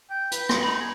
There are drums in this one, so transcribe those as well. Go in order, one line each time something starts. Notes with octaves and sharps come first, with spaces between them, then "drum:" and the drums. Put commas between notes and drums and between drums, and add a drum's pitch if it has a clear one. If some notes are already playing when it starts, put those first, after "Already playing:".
G5
B4, drum: hi-hat
drum: rim click
D#4 B5
G#5